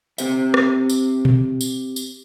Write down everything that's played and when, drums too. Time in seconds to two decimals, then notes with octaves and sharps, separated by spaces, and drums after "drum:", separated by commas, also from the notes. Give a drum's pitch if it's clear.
0.18 C4 G4 C5 E5, drum: tambourine
0.54 drum: rim click
0.89 drum: tambourine
1.25 drum: tom A#2
1.61 drum: tambourine
1.96 drum: tambourine